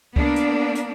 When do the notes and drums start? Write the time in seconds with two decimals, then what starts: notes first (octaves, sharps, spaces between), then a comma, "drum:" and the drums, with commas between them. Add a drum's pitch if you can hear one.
0.16 A#3 B3 D4, drum: kick C#2
0.36 drum: hi-hat
0.75 drum: hi-hat